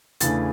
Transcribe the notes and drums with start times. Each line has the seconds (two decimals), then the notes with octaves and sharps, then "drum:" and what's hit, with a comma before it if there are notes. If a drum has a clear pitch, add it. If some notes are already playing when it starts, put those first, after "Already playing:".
0.21 E2 C#3 E3 A3 D4 A6, drum: hi-hat